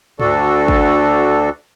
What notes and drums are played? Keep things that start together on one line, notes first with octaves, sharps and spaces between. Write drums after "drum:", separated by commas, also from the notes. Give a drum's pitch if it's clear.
D2 D4 F#4 A4, drum: tom G2
drum: kick